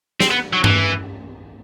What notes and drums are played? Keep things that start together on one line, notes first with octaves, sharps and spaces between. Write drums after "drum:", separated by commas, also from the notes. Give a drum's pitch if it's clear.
C4, drum: snare
B3
F#3
E3, drum: tom G2